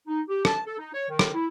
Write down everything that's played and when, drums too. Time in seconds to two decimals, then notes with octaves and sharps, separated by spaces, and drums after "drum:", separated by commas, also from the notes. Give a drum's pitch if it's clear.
0.07 D#4
0.29 G4
0.45 A5, drum: rim click
0.67 A4
0.79 D#4
0.94 C#5
1.10 D#3
1.19 drum: rim click
1.34 E4